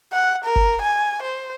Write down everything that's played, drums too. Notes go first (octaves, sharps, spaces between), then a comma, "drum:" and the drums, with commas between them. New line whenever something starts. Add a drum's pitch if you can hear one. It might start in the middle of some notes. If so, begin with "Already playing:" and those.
F#5
A#4
drum: kick F#1
G#5
C5